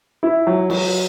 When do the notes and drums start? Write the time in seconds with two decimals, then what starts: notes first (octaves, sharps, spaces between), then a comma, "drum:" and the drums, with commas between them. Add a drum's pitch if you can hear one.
0.23 E4
0.47 F#3
0.70 F#3, drum: cymbal